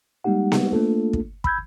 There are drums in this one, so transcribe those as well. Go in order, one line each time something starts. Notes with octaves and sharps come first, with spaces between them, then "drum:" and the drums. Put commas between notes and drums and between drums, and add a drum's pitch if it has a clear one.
G3 G#3 A#3 D#4 G4 F#5
drum: snare B3
A3 A#3 D4 F4 A4
drum: kick
B5 E6 G6 G#6, drum: kick